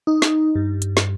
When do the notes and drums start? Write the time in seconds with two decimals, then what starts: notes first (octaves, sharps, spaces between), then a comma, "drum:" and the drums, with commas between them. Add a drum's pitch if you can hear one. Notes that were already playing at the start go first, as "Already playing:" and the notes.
0.07 D#4
0.22 drum: snare
0.55 G2
0.82 drum: hi-hat
0.97 drum: snare